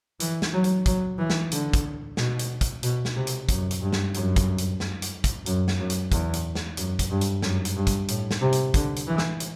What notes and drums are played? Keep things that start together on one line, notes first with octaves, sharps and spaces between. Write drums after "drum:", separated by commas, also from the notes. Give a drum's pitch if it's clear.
E3, drum: hi-hat
drum: snare
F#3
drum: hi-hat
F#3, drum: kick, hi-hat
E3
drum: snare
D3, drum: hi-hat
drum: kick, hi-hat
B2, drum: snare
drum: hi-hat
drum: kick, hi-hat
B2, drum: hi-hat
drum: snare
C3
drum: hi-hat
F#2, drum: kick, hi-hat
drum: hi-hat
G2
drum: snare
F#2, drum: hi-hat
drum: kick, hi-hat
drum: hi-hat
drum: snare
drum: hi-hat
drum: kick, hi-hat
F#2, drum: hi-hat
drum: snare
F#2
drum: hi-hat
E2, drum: kick, hi-hat
drum: hi-hat
drum: snare
F#2, drum: hi-hat
drum: kick, hi-hat
G2
drum: hi-hat
F#2, drum: snare
drum: hi-hat
G2
drum: kick, hi-hat
A2, drum: hi-hat
drum: snare
C3
drum: hi-hat
D3, drum: kick, hi-hat
drum: hi-hat
E3
drum: snare
drum: hi-hat